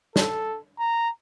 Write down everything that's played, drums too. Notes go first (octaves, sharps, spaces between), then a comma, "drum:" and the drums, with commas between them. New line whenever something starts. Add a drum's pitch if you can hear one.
A4, drum: snare
A#5